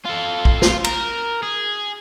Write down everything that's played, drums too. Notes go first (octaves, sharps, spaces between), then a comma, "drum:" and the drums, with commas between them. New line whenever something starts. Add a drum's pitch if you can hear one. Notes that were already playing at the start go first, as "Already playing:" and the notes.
F4 A4
drum: kick
F4, drum: snare
A#4, drum: cymbal
G#4